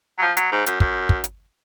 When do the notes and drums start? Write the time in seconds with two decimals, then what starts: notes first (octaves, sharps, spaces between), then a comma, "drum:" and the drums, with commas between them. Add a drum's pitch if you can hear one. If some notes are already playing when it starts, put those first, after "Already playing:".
0.19 F#3
0.22 F3
0.37 F#3, drum: hi-hat
0.52 G#2
0.66 F#2, drum: hi-hat
0.80 F#2, drum: kick
1.09 drum: kick
1.24 drum: hi-hat